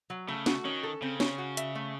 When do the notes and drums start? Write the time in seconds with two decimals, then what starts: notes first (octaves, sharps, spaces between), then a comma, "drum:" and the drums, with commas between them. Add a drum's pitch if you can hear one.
0.10 F#3
0.28 C#3 A3
0.46 F#4, drum: snare
0.65 D#3 C#4
0.83 A4
1.02 C#3 C4
1.20 C#5, drum: snare
1.38 F#4
1.57 E5, drum: hi-hat
1.75 A3